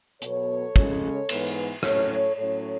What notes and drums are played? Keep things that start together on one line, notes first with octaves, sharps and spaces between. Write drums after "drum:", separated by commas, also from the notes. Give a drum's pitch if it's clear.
B2 F#3 B3 A4 C#5, drum: hi-hat
C#3 G#3 C#4, drum: kick
G#2 E3 B3, drum: cymbal
drum: tambourine
A2 F#3 C#4 A4 C#5, drum: rim click
A2 F#3 C#4 A4 C#5